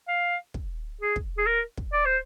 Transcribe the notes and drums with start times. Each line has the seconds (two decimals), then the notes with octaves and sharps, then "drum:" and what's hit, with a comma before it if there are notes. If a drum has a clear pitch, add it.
0.08 F5
0.54 drum: kick
1.01 G#4
1.16 drum: kick
1.38 G#4
1.46 A#4
1.77 drum: kick
1.93 D5
2.05 C5